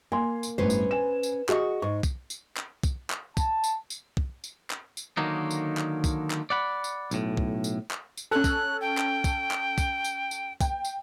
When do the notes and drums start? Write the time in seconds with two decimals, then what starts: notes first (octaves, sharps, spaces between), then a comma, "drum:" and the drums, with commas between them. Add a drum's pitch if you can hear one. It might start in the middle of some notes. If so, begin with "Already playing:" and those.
0.12 A#3 G#5 C6
0.43 drum: tambourine
0.58 G1 A2 C#4 B4 C5
0.70 drum: tambourine
0.91 G#5 E7
1.23 drum: tambourine
1.49 F#4 G#4 D#5 C#6, drum: clap
1.82 G#2 C#6
2.03 drum: kick, tambourine
2.30 drum: tambourine
2.57 drum: clap
2.83 drum: kick, tambourine
3.10 drum: clap
3.37 A5, drum: kick, tambourine
3.64 drum: tambourine
3.90 drum: tambourine
4.17 drum: kick
4.44 drum: tambourine
4.70 drum: clap
4.97 drum: tambourine
5.17 D3 D#3 F#3 A#3 D#4
5.50 drum: tambourine
5.77 drum: clap
6.04 drum: kick, tambourine
6.31 drum: clap
6.50 D5 F#5 B5
6.84 drum: tambourine
7.11 B1 A2, drum: tambourine
7.37 drum: kick
7.64 drum: tambourine
7.91 drum: clap
8.18 drum: tambourine
8.31 C#4 A4 F#6
8.44 drum: kick, tambourine
8.81 G5
8.98 drum: clap
9.24 drum: kick, tambourine
9.51 drum: clap
9.78 drum: kick, tambourine
10.04 drum: tambourine
10.31 drum: tambourine
10.61 G5, drum: kick, tambourine
10.85 drum: tambourine